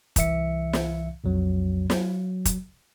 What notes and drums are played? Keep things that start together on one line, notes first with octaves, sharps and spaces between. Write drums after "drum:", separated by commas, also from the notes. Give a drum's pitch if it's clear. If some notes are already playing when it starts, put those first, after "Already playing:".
C2 E3 E5 C#7, drum: kick, hi-hat
drum: snare
B1 F2 F#3
F#3, drum: snare
drum: kick, hi-hat